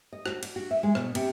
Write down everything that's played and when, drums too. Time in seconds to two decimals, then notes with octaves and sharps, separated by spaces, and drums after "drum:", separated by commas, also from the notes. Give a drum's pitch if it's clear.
0.13 D#5
0.26 F#4, drum: rim click
0.43 D4, drum: cymbal
0.56 F#4
0.71 E5
0.83 G#3
0.95 B2, drum: rim click
1.15 C3, drum: cymbal